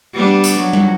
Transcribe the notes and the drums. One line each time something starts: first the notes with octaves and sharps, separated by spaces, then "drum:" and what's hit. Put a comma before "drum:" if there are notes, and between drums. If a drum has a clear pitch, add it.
G3 B3 D4
drum: hi-hat
F#3
drum: tom G3